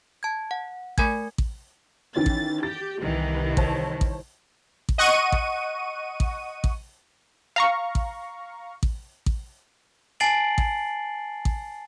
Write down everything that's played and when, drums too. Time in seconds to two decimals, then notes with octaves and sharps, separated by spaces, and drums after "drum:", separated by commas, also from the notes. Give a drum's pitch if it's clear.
0.23 A5 G#6
0.51 F#5
0.98 A3 A#4 G#5 G#6, drum: kick A1
1.38 drum: kick A1
2.16 D#3 E3 C#4 A6
2.26 drum: kick A1
2.63 G4 A6
3.01 C2 D#3 E3
3.57 C5 C#5 A5, drum: kick A1
4.01 drum: kick A1
4.89 drum: kick A1
4.98 D#5 F#5 C#6 D#7
5.32 drum: kick A1
6.20 drum: kick A1
6.64 drum: kick A1
7.56 F5 A#5 C#6
7.95 drum: kick A1
8.83 drum: kick A1
9.26 drum: kick A1
10.20 G#5 A5 A6 C7 D7 F#7
10.58 drum: kick A1
11.45 drum: kick A1